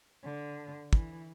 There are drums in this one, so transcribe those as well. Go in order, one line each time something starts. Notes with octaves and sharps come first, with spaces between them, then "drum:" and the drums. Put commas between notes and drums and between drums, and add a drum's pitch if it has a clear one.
D3
E3, drum: kick